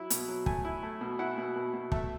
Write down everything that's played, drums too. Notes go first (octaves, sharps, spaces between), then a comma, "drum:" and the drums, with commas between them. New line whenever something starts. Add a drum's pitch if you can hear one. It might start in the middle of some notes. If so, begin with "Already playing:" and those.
Already playing: F#3 E4
B2, drum: hi-hat
F#3
A3 G#5, drum: kick
E4
A3
B2
E4 F#5
B2
B2
B2
A3 E5, drum: kick